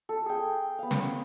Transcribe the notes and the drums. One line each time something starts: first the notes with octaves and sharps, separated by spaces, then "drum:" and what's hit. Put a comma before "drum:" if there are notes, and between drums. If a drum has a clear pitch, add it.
A4
G#4 G5
B3 F5
drum: snare